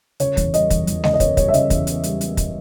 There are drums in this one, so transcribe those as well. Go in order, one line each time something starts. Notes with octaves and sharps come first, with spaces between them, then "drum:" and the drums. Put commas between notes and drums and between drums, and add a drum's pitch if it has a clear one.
C#3 C#5, drum: hi-hat
E2, drum: kick, hi-hat
G3 D#5, drum: hi-hat
E2, drum: kick, hi-hat
E2, drum: hi-hat
C#3 D#5, drum: snare
D#5
B3 C#5, drum: kick, hi-hat
G3 C#5, drum: kick, hi-hat
E5
C#3 D#5, drum: hi-hat
E2, drum: kick, hi-hat
B3, drum: hi-hat
G3, drum: hi-hat
B3, drum: hi-hat
drum: kick, hi-hat